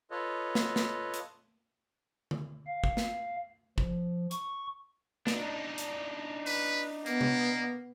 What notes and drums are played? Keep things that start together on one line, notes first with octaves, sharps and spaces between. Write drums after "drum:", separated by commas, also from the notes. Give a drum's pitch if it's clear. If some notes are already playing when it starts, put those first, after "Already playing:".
F4 A4 B4 C#5 D#5
drum: snare
drum: snare
drum: hi-hat
drum: tom D3
F5
drum: kick
drum: snare
F3, drum: kick
C#6, drum: hi-hat
D4 D#4, drum: snare
drum: hi-hat
B4, drum: open hi-hat
A#3 B3, drum: hi-hat
drum: tom C3